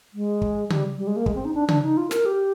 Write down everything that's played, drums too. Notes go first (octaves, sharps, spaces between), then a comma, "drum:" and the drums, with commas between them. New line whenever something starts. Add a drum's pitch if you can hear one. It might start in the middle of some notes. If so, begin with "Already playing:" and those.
G#3
drum: kick
G3, drum: tom C#3
G3
G#3
A#3
G#3, drum: kick
C4
D#4
D4
D4, drum: tom C#3
D#4
F4
A#4, drum: snare
G4